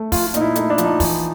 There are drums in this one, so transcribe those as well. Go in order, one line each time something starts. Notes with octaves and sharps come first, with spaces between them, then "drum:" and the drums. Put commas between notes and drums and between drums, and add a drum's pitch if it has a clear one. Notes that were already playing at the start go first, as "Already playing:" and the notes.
Already playing: A3
F3 F4, drum: kick, open hi-hat
F4
A#2 D#4, drum: hi-hat
E4
A3 D#4, drum: hi-hat
D4
F3, drum: hi-hat
D#4
E3, drum: kick, open hi-hat